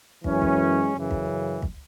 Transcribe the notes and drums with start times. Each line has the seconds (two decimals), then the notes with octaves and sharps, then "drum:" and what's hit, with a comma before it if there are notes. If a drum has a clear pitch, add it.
0.24 F#2 E3 G#3 C#4, drum: kick
0.42 drum: kick
0.94 F#2 C#3 E3
1.11 drum: kick
1.62 drum: kick